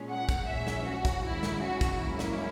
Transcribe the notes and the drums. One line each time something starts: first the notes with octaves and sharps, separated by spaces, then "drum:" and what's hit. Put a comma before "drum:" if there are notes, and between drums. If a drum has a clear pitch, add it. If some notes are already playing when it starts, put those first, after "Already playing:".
Already playing: A#2 G#3 C#4
F#5
drum: kick, hi-hat
A#1 A#2 G#3 C#4 E5
drum: snare
F#4
drum: kick, hi-hat
G#2 D#3 G#3 C#4 E4
drum: snare
F#4
drum: kick, hi-hat
G#2 F#3 A#3 C#4 E4
drum: snare